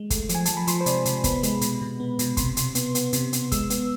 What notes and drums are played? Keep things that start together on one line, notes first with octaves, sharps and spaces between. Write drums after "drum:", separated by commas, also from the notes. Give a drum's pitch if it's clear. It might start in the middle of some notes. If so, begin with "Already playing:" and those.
Already playing: G#3
A3, drum: kick, hi-hat
F3, drum: hi-hat
G#5
F3 A5, drum: hi-hat
B5
F3 C6, drum: hi-hat
C5
C3 D5, drum: hi-hat
C3, drum: hi-hat
B3 B5, drum: kick, hi-hat
G#3, drum: hi-hat
B2, drum: hi-hat
B2
B3
B2, drum: hi-hat
C3 C6, drum: kick, hi-hat
C3, drum: hi-hat
B3, drum: hi-hat
B3, drum: hi-hat
C3, drum: hi-hat
B3, drum: hi-hat
G#3 E6, drum: kick, hi-hat
B3, drum: hi-hat